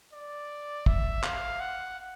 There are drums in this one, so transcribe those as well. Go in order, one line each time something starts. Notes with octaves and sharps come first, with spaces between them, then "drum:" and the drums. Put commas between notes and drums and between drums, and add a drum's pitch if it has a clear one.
D5
E5, drum: kick
F5, drum: clap
F#5